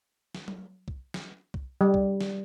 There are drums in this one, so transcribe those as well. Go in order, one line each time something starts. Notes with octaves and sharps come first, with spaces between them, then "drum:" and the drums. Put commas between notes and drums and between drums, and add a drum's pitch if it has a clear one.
drum: snare
drum: tom F#3
drum: kick C2
drum: snare
drum: kick C2
G3
drum: kick C2
drum: snare